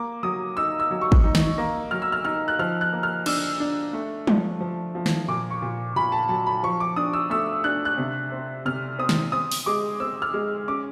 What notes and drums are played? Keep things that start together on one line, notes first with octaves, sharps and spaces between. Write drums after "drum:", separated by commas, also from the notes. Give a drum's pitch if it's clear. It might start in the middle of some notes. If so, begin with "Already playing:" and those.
Already playing: A#3 D6
F#3 D#6
D#4 E6
E6
F#3
C#6
drum: kick
D#4
drum: snare
A#3
F#3 F6
E6
F6
D#4 F6
F#6
F3 F6
F#6
A#3
F6
D4 E6, drum: cymbal
D4
A3
F3, drum: tom F#3
F3
F3
drum: snare
A#2 D6
C#6
A#2
A#2 B5
A5
F#3 A5
B5
F3 C#6
D6
D4 D#6
E6
A3 E6
D4 F#6
F#6
C3
C4
C3 F6
C4 D#6
drum: snare
C4 D#6
drum: open hi-hat
G#3 D6
C4 E6
F6
G#3
C#4 D6